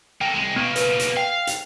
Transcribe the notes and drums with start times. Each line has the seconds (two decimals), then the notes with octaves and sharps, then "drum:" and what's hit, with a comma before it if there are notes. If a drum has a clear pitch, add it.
0.21 A#3 A4 G5
0.34 C2 G#3
0.56 B2 A#3 B3
0.76 B4, drum: hi-hat
1.00 drum: hi-hat
1.17 F5 G5
1.47 drum: hi-hat